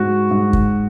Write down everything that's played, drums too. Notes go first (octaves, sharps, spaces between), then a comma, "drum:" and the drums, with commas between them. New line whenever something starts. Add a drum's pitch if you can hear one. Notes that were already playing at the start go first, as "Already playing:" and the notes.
Already playing: G#2 F#4
G#2
drum: kick